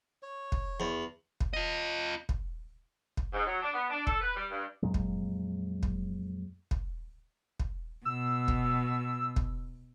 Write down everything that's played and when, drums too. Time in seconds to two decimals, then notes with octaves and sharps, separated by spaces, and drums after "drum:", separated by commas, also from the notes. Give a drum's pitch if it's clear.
0.23 C#5
0.52 drum: kick
0.80 E2
1.40 drum: kick
1.53 F4 D#5
2.29 drum: kick
3.17 drum: kick
3.33 G#2
3.46 F#3
3.62 D4
3.74 B3
3.90 D4
4.07 A4, drum: kick
4.21 B4
4.36 G3
4.50 G2
4.83 F2 A#2 F#3 G#3
4.94 drum: kick
5.83 drum: kick
6.71 drum: kick
7.60 drum: kick
8.05 B2 E6
8.48 drum: kick
9.36 drum: kick